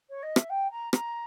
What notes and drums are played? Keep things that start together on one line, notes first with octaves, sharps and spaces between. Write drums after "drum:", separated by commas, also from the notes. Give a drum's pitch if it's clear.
C#5
D#5
E5, drum: rim click
G5
A#5
A#5, drum: rim click